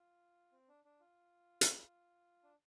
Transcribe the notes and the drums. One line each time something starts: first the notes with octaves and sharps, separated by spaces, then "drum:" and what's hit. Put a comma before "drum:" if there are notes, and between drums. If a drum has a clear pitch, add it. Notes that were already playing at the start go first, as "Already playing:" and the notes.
Already playing: F4
C4
D4
D4
F4
drum: hi-hat
D4